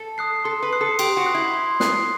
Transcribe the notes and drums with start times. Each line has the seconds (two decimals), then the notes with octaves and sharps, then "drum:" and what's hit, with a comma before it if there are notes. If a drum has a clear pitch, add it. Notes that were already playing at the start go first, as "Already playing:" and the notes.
Already playing: A4
0.18 D#6 F#6 C7
0.44 A4 C6
0.62 B4
0.73 D#6 F#6 C7
0.81 A4
0.99 G4 C6, drum: cymbal
1.17 F#4
1.26 D#6 F#6 C7
1.35 E4
1.54 C6
1.80 D#6 F#6 C7, drum: snare